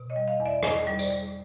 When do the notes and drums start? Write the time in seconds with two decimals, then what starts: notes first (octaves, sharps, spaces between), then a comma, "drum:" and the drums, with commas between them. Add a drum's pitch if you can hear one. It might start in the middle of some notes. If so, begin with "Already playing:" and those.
Already playing: B2
0.10 C#5 D#5
0.16 G3
0.28 D#5 F5
0.40 E2
0.45 D5 E5
0.63 E2 C#5 D#5, drum: rim click
0.87 G3
0.99 C5 D5, drum: tambourine
1.11 G3